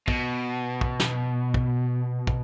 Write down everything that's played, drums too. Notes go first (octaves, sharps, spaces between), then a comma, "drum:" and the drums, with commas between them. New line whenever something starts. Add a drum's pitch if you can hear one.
B2, drum: kick
drum: kick
drum: snare
drum: kick
drum: kick